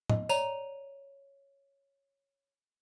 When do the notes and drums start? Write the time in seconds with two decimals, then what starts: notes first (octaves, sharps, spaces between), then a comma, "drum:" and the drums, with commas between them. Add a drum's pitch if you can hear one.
0.09 D#5, drum: tom A2
0.29 C#5 D5 A#5 D#7 F7, drum: tambourine